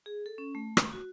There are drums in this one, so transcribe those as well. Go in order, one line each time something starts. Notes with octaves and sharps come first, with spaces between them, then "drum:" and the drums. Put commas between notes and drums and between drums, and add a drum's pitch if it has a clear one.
G#4
A4
C#4
A3
drum: rim click
F#4